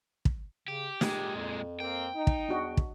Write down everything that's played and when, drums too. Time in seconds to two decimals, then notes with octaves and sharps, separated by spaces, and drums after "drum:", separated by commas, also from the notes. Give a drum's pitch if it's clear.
0.25 drum: kick
0.68 C#3 G4
1.01 A#2 G#3 G4, drum: snare
1.36 F2
1.80 A#3 C4 G5
2.15 D#4
2.27 drum: kick
2.49 E2 D4 F#4 D#5
2.77 drum: kick